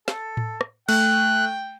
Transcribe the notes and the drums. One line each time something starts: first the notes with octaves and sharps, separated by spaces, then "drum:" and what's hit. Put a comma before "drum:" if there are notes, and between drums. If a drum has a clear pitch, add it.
A4, drum: snare
drum: tom A2
drum: rim click
A3 G5 F#6, drum: cymbal